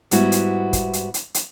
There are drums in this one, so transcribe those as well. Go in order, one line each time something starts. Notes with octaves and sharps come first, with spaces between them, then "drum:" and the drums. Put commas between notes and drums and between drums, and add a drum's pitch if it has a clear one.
G#2 G3 B3 E4 F#4, drum: hi-hat
drum: hi-hat
drum: kick, hi-hat
drum: hi-hat
drum: hi-hat
drum: hi-hat